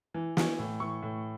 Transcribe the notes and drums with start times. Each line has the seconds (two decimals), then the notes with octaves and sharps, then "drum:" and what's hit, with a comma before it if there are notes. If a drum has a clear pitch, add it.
0.14 E3
0.37 E3, drum: snare
0.59 A2
0.80 E3 C#6
1.03 A2